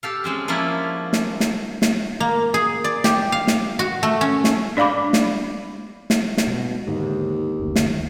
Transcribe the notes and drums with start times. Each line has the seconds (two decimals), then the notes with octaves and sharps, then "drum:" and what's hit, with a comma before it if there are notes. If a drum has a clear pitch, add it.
0.03 G4 A4 F5
0.24 G#3 C4 C#4
0.48 F3 A#3 C#4 D4 E4 F4
1.13 drum: snare
1.40 drum: snare
1.82 drum: snare
2.20 A#3
2.54 G#4
2.84 D5
3.04 G4, drum: snare
3.32 F5
3.47 drum: snare
3.79 F#4
4.03 A3
4.21 C#4
4.44 drum: snare
4.77 D4 D5 F5 B5 D6
5.13 drum: snare
6.10 drum: snare
6.37 drum: snare
6.47 B2
6.87 D#2 G#2 D3
7.59 F#1 D2
7.76 drum: snare
7.87 D#2